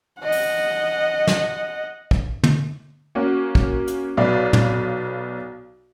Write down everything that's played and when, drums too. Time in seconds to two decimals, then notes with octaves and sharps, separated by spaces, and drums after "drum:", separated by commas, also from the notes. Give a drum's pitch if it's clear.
0.20 D#5 F#5
0.32 drum: open hi-hat
1.27 drum: snare
2.11 drum: kick
2.43 drum: tom
3.15 A#3 C#4 F#4
3.55 drum: kick
3.88 drum: hi-hat
4.17 B1 B3 F#4 D5 F5
4.53 drum: tom